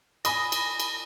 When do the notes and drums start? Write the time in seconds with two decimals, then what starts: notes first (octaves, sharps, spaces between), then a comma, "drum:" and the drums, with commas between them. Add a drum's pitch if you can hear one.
0.25 G#5 B5 D#6 A#6, drum: cymbal
0.52 drum: cymbal
0.80 drum: cymbal